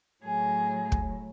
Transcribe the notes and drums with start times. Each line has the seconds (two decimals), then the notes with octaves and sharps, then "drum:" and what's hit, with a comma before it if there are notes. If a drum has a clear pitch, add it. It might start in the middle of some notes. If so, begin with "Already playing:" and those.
0.23 A2 F#3 G#4
0.92 drum: kick